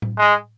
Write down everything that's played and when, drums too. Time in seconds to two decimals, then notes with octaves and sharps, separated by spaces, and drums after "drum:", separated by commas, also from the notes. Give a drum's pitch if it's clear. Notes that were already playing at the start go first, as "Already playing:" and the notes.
0.02 drum: tom A2
0.18 G#3